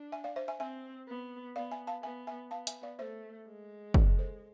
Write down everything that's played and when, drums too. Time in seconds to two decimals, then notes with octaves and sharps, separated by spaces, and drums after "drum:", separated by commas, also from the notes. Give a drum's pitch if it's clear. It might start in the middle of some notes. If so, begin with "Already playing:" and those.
Already playing: D4
0.12 E5 G#5
0.24 D5 F5
0.36 C5 E5
0.48 E5 G#5
0.60 C4 E5 G#5
1.08 B3
1.56 B3 D5 F5
1.71 E5 G#5
1.87 F5 A5
2.03 B3 E5 G#5
2.27 E5 G#5
2.51 B3 F5 A5
2.67 E5 G#5, drum: hi-hat
2.83 D5 F5
2.99 A3 C5 E5
3.47 G#3
3.94 B4 D5, drum: kick
4.19 A4 C5